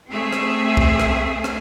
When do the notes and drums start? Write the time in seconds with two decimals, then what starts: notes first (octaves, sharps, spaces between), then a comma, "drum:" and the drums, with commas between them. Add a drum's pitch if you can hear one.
0.10 A3 C4 G#4 E5
0.33 drum: rim click
0.77 drum: kick
1.00 drum: rim click
1.44 drum: rim click